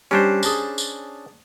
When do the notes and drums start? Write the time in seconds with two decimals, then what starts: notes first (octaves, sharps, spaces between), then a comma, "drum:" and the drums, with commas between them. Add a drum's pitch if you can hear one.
0.11 G3 C#4 D4 C5
0.43 G#4 A5 A#5, drum: tambourine
0.78 drum: tambourine